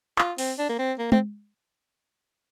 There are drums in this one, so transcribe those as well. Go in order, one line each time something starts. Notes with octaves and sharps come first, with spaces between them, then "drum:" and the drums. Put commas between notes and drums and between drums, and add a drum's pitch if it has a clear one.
F4, drum: clap
C4, drum: open hi-hat
D4
A#3
C4
A#3
C4, drum: tom